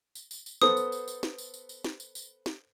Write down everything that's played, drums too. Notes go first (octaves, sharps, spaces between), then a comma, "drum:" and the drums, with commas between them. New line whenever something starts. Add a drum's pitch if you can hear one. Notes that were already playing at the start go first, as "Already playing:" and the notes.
drum: tambourine
drum: tambourine
drum: tambourine
B3 A4 C5 D#6, drum: snare
drum: tambourine
drum: tambourine
drum: tambourine
drum: snare
drum: tambourine
drum: tambourine
drum: tambourine
drum: snare
drum: tambourine
drum: tambourine
drum: snare